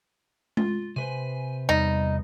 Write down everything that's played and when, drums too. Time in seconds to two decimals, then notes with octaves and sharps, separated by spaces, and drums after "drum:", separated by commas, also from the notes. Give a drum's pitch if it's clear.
0.57 F4, drum: tom G#3
0.96 C3 B4 C5 G#5
1.69 E2 G3 D#4